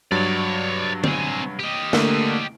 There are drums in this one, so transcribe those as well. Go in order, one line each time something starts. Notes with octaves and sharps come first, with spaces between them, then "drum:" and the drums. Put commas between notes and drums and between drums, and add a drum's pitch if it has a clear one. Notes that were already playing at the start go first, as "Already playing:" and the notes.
G2 F#3 C#5 D5
C4 G#4, drum: tom D3
G4 D#5
D3 A3 A#3, drum: snare